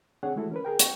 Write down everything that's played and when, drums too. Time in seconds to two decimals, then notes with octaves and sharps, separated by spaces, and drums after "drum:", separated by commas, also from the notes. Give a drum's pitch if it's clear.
0.23 C4 D4 G#4 C#5 F#5
0.36 E3 G#3 A3 E4 F#4 A4
0.51 C#4 A#4 B4
0.65 G#4 A#4 G5
0.79 G5 C#6, drum: hi-hat